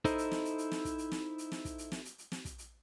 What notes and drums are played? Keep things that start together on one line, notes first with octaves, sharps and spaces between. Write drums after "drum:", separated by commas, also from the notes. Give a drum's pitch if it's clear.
D#4 E4 A4 C5 D#5, drum: kick, hi-hat
drum: hi-hat
drum: snare
drum: hi-hat
drum: hi-hat
drum: snare
drum: kick, hi-hat
drum: hi-hat
drum: snare
drum: hi-hat
drum: snare
drum: kick, hi-hat
drum: hi-hat
drum: snare
drum: hi-hat
drum: hi-hat
drum: snare
drum: kick, hi-hat
drum: hi-hat